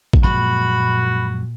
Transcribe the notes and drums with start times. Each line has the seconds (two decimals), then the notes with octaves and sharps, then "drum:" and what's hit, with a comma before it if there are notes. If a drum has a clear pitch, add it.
0.13 drum: kick
0.24 F#2 A#2 F3 G#3 F#4 B5